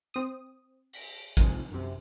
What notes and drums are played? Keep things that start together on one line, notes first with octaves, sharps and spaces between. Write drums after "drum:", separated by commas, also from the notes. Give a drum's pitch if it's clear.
C4 D#6
A#6 B6 D7, drum: open hi-hat
C2 F2 G#3, drum: kick
F#2 C3